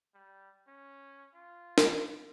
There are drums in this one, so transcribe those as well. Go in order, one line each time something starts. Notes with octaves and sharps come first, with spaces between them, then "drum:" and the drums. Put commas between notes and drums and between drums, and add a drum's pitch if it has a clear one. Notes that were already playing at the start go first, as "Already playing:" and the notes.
G3
C#4
F4
drum: snare